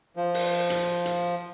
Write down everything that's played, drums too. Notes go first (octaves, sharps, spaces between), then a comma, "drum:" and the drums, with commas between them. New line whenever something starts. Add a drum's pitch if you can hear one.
F3
drum: open hi-hat
drum: hi-hat
drum: hi-hat